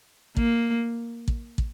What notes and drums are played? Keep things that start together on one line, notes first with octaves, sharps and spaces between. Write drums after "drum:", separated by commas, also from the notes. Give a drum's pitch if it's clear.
A#3, drum: kick
drum: kick
drum: kick